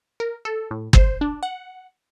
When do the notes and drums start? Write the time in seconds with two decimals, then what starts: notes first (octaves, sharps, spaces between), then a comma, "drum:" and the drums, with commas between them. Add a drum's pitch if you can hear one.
0.20 A#4
0.45 A4
0.71 A2
0.93 C5, drum: kick
1.21 D4
1.43 F#5